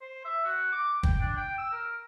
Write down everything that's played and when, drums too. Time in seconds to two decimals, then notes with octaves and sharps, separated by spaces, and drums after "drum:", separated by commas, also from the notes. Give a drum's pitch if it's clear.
0.01 C5
0.25 E5
0.44 F#4
0.72 D6
1.03 G5, drum: kick
1.20 D4
1.37 G5
1.58 E6
1.72 A#4